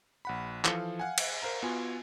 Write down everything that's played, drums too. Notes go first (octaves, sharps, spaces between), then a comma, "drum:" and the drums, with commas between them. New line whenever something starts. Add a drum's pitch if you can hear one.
A#1 F#5 B5
E3 F3 A4 F5 C#7, drum: clap
F5 F#5 G#5
drum: cymbal
A#4 C5 F5 A#5
B3 F4 F#4 G#5